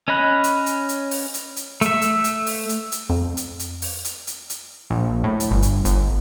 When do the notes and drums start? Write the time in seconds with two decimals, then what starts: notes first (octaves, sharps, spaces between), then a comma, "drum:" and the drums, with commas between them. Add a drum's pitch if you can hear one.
0.08 C#4 C#5 D#5 B5 F#6
0.44 drum: hi-hat
0.66 drum: hi-hat
0.89 drum: hi-hat
1.11 drum: open hi-hat
1.34 drum: hi-hat
1.56 drum: hi-hat
1.81 A3 E5, drum: hi-hat
2.02 drum: hi-hat
2.24 drum: hi-hat
2.47 drum: open hi-hat
2.69 drum: hi-hat
2.92 drum: hi-hat
3.10 F2
3.37 drum: hi-hat
3.59 drum: hi-hat
3.82 drum: open hi-hat
4.05 drum: hi-hat
4.27 drum: hi-hat
4.50 drum: hi-hat
4.90 A#1
5.24 A2
5.40 drum: hi-hat
5.51 G1
5.62 drum: hi-hat
5.85 G1, drum: hi-hat